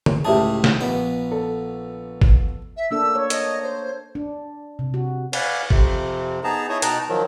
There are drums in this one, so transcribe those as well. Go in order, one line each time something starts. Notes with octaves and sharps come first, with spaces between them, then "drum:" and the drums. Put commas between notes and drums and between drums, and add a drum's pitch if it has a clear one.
drum: tom D3
C#2 A2 G4 G#4 E5 A5
drum: snare
A#1 B3
A4
drum: kick
E5
A#3 D4 A4 E6
C#5
D#5, drum: hi-hat
C5
D4
C3
F#4
B4 D5 F5 F#5 G#5, drum: cymbal
F2 C3, drum: kick
B3 D#4 G#4 A5 A#5
E4 G#4 C#5 D#5 C#6 D#6
B2 D#4 G5 A5 A#5 F#6, drum: hi-hat
D#3 F3 F#3